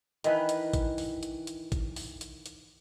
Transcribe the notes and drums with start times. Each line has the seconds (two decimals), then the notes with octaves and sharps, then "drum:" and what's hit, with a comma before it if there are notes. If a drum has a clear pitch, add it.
0.24 D#3 E3 B4, drum: hi-hat
0.49 drum: hi-hat
0.73 drum: kick A1, hi-hat
0.98 drum: open hi-hat
1.23 drum: hi-hat
1.47 drum: hi-hat
1.72 drum: kick A1, hi-hat
1.96 drum: open hi-hat
2.21 drum: hi-hat
2.46 drum: hi-hat